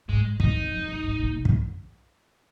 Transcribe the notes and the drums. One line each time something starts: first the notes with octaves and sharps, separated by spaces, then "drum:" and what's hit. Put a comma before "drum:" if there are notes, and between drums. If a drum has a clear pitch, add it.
G#2 G#3
F#2 D#4, drum: kick
F2
F2
F#2
G#2
A#2
B2
drum: kick